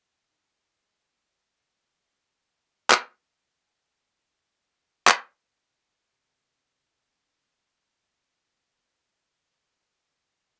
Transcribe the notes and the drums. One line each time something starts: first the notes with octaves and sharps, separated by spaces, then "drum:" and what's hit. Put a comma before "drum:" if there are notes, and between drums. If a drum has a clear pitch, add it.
D#3 D5
G#3
drum: clap
F#5 G#5 A#5 F6 D7 D#7
drum: clap
C3
D4
C5
E4 F#4 A4
G#2 D5
G#4
D6
G3 A#3 G5